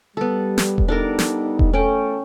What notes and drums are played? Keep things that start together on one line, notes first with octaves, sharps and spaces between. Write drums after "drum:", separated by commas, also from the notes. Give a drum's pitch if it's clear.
G3 B3 A4
drum: snare
drum: kick E1
G3 B3 D4 D#4 A4 A#4
drum: snare
drum: kick E1
E2 A3 C#4 A4 G5